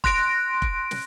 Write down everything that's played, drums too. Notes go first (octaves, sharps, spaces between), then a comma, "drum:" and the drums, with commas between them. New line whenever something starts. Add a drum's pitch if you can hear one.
C6 F#6 A#6 D7, drum: kick F1
drum: kick F1
drum: snare